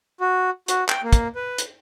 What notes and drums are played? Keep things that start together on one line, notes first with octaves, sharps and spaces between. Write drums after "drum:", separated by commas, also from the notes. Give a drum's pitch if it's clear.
F#4
F#4, drum: hi-hat
G5, drum: clap
A#3
drum: kick, hi-hat
B4
drum: hi-hat